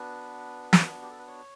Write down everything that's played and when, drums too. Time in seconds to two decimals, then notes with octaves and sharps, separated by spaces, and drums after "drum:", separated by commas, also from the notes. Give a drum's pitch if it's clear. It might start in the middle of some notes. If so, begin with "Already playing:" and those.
Already playing: B3 D4 F#4 B4
0.73 drum: snare
1.02 G4
1.10 A4
1.18 B4
1.27 C#5